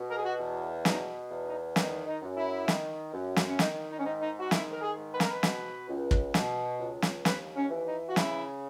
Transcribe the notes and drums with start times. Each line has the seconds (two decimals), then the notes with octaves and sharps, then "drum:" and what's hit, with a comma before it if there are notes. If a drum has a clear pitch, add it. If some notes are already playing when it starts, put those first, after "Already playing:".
Already playing: B2
0.10 A#4
0.17 G#4
0.24 F#4
0.38 E2
0.85 B2 D#4, drum: snare
1.31 E2
1.46 D#4
1.76 D#3 D#4, drum: snare
2.06 D#4
2.22 F#2
2.37 E4
2.68 D#3, drum: snare
3.14 F#2
3.36 drum: snare
3.49 C#4
3.59 D#3 D#4, drum: snare
3.90 D#4
3.98 C#4
4.04 G#2 D#4
4.20 D#4
4.39 F#4
4.51 D#3 E4, drum: snare
4.73 A#4
4.81 G#4
4.96 G#2
5.12 B4
5.20 A#4, drum: snare
5.29 B4
5.43 B2, drum: snare
5.88 C#2
6.11 drum: kick
6.34 B2, drum: snare
6.80 C#2
7.02 drum: snare
7.25 D#2 B4, drum: snare
7.56 C#4
7.71 E3
7.86 D#4
8.07 F#4
8.16 C#3 E4, drum: snare